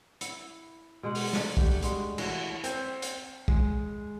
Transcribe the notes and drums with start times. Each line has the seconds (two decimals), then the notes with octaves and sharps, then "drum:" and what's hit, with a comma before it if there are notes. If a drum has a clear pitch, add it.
0.21 E4, drum: hi-hat
1.03 B2 G#3 F#5
1.15 drum: open hi-hat
1.33 A3 D4, drum: snare
1.57 G3 G4 F#5, drum: kick
1.82 G3 G#3 F#4, drum: hi-hat
2.18 E3 A3 F#4 C#5, drum: cymbal
2.64 C4, drum: hi-hat
3.02 drum: hi-hat
3.48 G#3, drum: kick